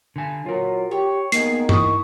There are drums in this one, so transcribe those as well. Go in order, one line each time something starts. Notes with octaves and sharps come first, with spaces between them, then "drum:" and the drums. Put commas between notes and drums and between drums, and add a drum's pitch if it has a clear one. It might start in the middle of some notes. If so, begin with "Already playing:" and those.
D3 G#5
F#3 F4 A#4
G4 C#5
D#3 A#3 B3 G#4 A#4 C7, drum: hi-hat
E4 C#6 D#6, drum: tom